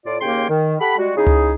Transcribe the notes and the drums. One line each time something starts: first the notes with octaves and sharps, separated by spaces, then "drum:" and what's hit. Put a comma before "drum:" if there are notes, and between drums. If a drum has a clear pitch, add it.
A2 F4 D5
D#2 C#3 A#3 C#5 G5 C6
D#3
G4 A4 F#5 B5
G3 G#3 F#4
C#3 G#3 D#4 E4 G#4
drum: tom C#2